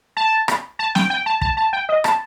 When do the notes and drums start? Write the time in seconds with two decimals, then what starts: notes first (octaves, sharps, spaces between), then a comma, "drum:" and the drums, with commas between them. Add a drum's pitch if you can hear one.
0.17 A5
0.48 drum: rim click
0.79 A5
0.95 G5, drum: snare
1.10 G5
1.26 A5
1.41 A5, drum: kick
1.57 A5
1.73 G5
1.89 D#5
2.04 A5, drum: rim click